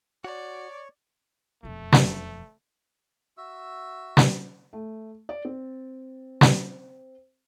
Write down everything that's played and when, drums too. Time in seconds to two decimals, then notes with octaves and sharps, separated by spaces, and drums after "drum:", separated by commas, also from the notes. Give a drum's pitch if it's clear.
0.24 F#4 C#5 D5
1.63 E1 F2 A3
1.92 drum: snare
3.37 F#4 E5 E6
4.17 drum: snare
4.73 A3
5.29 D5
5.45 C4
6.41 drum: snare